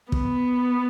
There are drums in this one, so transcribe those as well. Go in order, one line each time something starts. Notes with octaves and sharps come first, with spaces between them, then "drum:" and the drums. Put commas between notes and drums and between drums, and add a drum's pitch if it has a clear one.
B3, drum: kick